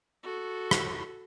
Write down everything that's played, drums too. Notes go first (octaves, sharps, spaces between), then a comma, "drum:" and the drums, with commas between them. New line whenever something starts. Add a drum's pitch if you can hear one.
F#4 A4
drum: rim click